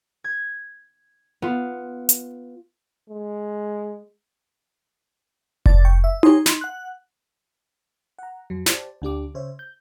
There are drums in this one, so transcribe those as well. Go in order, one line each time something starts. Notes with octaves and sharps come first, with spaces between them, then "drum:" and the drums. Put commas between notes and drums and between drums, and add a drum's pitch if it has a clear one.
G#6
B3 F4
drum: hi-hat
G#3
D5 A5 A6, drum: kick F1
G5 C#6
E5
G4 C#5 G#5 A#5 C6 D#6, drum: tom D#4
D#4 B5 C6, drum: snare
F#5 F#6
F#5 A#5
F2 F#3
G4 C5 D5 A5, drum: snare
D2 D4 G4 D6
C#3 C5 C#5 E5
G6